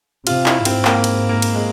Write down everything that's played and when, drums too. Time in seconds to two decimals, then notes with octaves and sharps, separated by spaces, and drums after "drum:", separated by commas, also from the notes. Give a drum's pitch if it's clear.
0.27 C3 F4, drum: cymbal
0.46 E4, drum: clap
0.65 G#2 C4, drum: cymbal
0.85 A#3, drum: clap
1.04 drum: cymbal
1.29 A#3
1.42 drum: cymbal
1.55 G#3